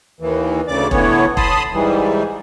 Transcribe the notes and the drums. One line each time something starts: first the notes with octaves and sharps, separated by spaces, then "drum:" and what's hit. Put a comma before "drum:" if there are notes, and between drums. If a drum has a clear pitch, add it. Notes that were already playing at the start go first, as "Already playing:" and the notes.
D#2 E3
D2 C#3 D5 D6
A2 D3 E3 B3 C#5, drum: kick E1
A5 B5 C6 D#6, drum: kick E1
G#2 E3 G3